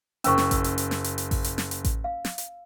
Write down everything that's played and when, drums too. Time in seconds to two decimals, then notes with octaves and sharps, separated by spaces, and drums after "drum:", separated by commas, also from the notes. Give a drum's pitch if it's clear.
0.24 F#1 C#4 C5 C#6 E6, drum: hi-hat
0.38 drum: snare
0.51 drum: kick A1, hi-hat
0.64 drum: hi-hat
0.78 drum: hi-hat
0.91 drum: snare
1.04 drum: hi-hat
1.18 drum: hi-hat
1.31 drum: kick A1, open hi-hat
1.44 drum: hi-hat
1.58 drum: snare
1.71 drum: hi-hat
1.85 drum: kick A1, hi-hat
2.04 F5
2.25 drum: snare
2.38 drum: hi-hat